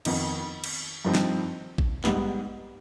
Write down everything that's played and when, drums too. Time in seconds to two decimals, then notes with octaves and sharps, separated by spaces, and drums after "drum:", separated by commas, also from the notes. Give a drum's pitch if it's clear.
0.05 F2 D#3 B3 D#4, drum: cymbal
0.64 drum: cymbal
1.05 G2 F3 C4 D#4
1.15 drum: snare
1.78 drum: kick A1
2.04 G#2 G3 B3, drum: clap